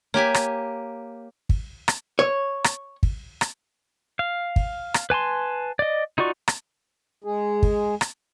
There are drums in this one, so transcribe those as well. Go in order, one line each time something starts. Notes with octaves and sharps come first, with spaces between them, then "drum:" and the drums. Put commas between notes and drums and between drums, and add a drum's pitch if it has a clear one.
A#3 G4 C#5 G#5 B6
drum: rim click
drum: kick
drum: rim click
C#5
drum: rim click
drum: kick
drum: rim click
F5
drum: kick
drum: rim click
B4 G#5 A5 C6
D5 D#5
D#4 F4 F#4 D5 C#6
drum: rim click
G#3 G#4
drum: kick
drum: rim click